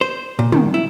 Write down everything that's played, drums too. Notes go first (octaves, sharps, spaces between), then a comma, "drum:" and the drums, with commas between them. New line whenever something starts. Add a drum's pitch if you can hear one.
C5
A#2
D#3, drum: tom
E4